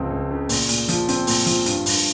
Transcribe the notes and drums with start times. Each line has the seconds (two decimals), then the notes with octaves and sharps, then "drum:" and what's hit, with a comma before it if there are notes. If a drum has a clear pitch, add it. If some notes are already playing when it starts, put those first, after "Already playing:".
Already playing: C#2 C#3 F3 C4
0.10 C#2
0.30 C#3
0.49 A#2, drum: open hi-hat
0.69 A#2, drum: hi-hat
0.88 F3, drum: hi-hat
1.08 C4, drum: hi-hat
1.27 A#2, drum: open hi-hat
1.46 F3, drum: hi-hat
1.66 G2, drum: hi-hat
1.86 G2, drum: open hi-hat